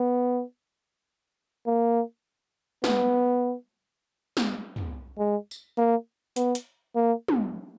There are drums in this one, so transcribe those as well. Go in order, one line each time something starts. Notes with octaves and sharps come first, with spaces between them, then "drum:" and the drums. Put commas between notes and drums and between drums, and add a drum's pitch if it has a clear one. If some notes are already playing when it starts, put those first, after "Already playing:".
Already playing: B3
A#3
B3, drum: snare
drum: snare
drum: tom
G#3
drum: tambourine
A#3
B3, drum: hi-hat
drum: hi-hat
A#3
drum: tom